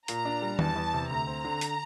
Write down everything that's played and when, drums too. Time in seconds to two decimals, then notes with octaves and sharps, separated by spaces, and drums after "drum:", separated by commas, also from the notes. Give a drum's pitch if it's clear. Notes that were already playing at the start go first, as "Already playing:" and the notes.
0.08 A#2 A#5, drum: hi-hat
0.25 D4
0.42 G3
0.59 E2 A5, drum: tom
0.76 E2
0.94 C3
1.10 D2 A#5
1.27 C4
1.44 D3
1.61 drum: hi-hat